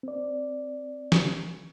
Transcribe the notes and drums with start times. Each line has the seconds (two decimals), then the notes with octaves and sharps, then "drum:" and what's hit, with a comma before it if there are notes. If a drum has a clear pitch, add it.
0.03 C4 D5
1.12 drum: snare